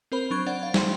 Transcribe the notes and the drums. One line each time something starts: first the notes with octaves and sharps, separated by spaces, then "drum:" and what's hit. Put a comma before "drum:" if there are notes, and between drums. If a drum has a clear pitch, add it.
C4 A#4 C5 B5
F#3 D4 C#6 G#6
D4 C5 D5 F#5
F5
C5 F5 G5 B5 C6, drum: snare